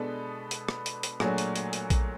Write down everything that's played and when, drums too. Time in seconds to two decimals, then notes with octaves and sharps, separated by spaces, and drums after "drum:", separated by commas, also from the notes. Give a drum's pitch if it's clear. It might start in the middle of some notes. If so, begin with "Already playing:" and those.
Already playing: B2 G#3 B3 D4 A4 B4
0.51 drum: hi-hat
0.69 drum: rim click
0.86 drum: hi-hat
1.03 drum: hi-hat
1.20 A#2 F#3 A3 D4 F#4 G#4, drum: rim click
1.38 drum: hi-hat
1.56 drum: hi-hat
1.73 drum: hi-hat
1.90 drum: kick A#1, hi-hat